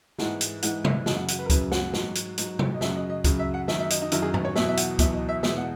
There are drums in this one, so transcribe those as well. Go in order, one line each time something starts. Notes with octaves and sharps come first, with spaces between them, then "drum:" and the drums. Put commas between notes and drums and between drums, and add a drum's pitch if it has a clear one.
G#2 E3 G#3 F#5, drum: snare
drum: hi-hat
G#2 E3 G#3 F#5, drum: hi-hat
E5, drum: tom C3
F#2 C#3 F#3 D#5, drum: snare
F#5
F#5, drum: hi-hat
B4
A#4
F#2 C#3 F#3 B4, drum: kick C#2, hi-hat
F#5, drum: snare
G#2 F#3, drum: snare
drum: hi-hat
G#2 F#3, drum: hi-hat
drum: tom C3
D#5
F#2 C#3 F#3 E5, drum: snare
D#5
D#5
F#2 C#3 F#3, drum: kick C#2, hi-hat
E5
F#5
F#2 D#3 F#3 E5, drum: snare
E5
D#5, drum: hi-hat
D#4
F#2 D#3 F#3 E4, drum: hi-hat
G#4
drum: tom G2
C#5
E2 B2 F#3 E5, drum: snare
E5
F#5, drum: hi-hat
E2 B2 F#3 E5, drum: kick C#2, hi-hat
D#5
E5
E2 B2 G#3 E5, drum: snare
F#5